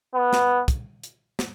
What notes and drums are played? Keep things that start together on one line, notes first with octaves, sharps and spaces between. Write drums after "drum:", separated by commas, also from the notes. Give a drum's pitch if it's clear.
B3
drum: snare
drum: kick, hi-hat
drum: hi-hat
drum: snare